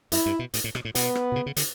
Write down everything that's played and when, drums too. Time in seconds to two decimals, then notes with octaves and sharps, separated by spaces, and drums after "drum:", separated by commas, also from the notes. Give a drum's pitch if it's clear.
0.12 F#2 E4, drum: hi-hat
0.26 G2
0.39 B2
0.54 A2, drum: hi-hat
0.64 A2
0.75 B2, drum: rim click
0.85 A2
0.95 B2 B3, drum: hi-hat
1.15 drum: rim click
1.32 B2
1.36 C#3
1.46 C#3
1.56 D3, drum: hi-hat